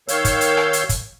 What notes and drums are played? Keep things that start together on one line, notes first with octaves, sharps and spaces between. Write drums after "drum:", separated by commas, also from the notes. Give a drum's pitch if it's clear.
D#3 C#5 F5 E6 G6, drum: hi-hat
drum: kick, hi-hat
drum: hi-hat
drum: rim click
drum: hi-hat
drum: kick, hi-hat